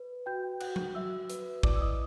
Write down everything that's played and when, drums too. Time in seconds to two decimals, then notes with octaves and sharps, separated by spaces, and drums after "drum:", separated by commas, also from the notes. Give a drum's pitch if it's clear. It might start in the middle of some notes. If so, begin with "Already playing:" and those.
Already playing: B4
0.26 F#4 G5 G6
0.60 F#4 F#5 F#6, drum: cymbal
0.76 drum: tom F#3
0.95 F#4 E5 E6
1.30 B4, drum: hi-hat
1.63 E4 D5 D6, drum: kick
1.76 E6
1.81 D#5 D#6